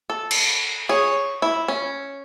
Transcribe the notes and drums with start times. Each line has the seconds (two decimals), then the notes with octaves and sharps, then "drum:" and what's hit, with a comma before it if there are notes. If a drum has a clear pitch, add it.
0.10 A4
0.31 drum: cymbal
0.89 G#4 C#5
1.42 E4
1.68 C#4